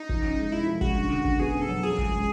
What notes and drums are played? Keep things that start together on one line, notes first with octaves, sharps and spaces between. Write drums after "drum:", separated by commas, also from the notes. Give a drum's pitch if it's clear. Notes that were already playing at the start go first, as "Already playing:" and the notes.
Already playing: D#4
F3, drum: kick
C#4
G#3
G#3 E4
F3
G#3 F#4, drum: kick
D3
D3
D3, drum: kick
B3 G#4
B3
A4
F#3
F3 G#4
G#3, drum: kick
G#3